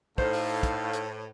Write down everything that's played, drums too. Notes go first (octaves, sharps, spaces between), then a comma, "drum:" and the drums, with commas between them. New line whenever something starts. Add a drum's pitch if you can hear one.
A2 D#4 A4 C5 F5, drum: kick
drum: open hi-hat
drum: kick, hi-hat
drum: hi-hat